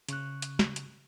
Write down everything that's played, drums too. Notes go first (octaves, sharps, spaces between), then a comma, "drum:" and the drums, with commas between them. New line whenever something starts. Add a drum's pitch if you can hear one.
C#3 C#6 F#6, drum: hi-hat
drum: hi-hat
drum: snare
drum: hi-hat